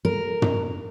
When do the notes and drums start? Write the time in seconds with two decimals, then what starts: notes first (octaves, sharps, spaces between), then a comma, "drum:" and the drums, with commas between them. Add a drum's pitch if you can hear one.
0.05 A#4
0.42 drum: tom